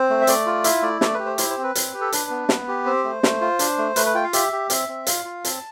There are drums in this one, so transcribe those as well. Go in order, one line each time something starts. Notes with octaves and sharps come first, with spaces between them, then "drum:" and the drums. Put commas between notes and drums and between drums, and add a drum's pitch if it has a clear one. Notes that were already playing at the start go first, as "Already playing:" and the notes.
Already playing: C4 C5
A3
E5
A3 D5, drum: hi-hat
F4
E4 E5, drum: hi-hat
A3 D5
A3 D5, drum: snare
G4 B4
C5
E4 C5, drum: hi-hat
C5
C4
B4
C4, drum: hi-hat
G4
A4
D4 B4, drum: hi-hat
B3
B3, drum: snare
G4
C4 C5
A3
A3, drum: snare
F4
D4, drum: hi-hat
A3
A3 B4, drum: hi-hat
B4
F4 G5
F5
G4 E5, drum: hi-hat
G4
C4 E5, drum: hi-hat
C4
F4 F5, drum: hi-hat
F4
C4 A5, drum: hi-hat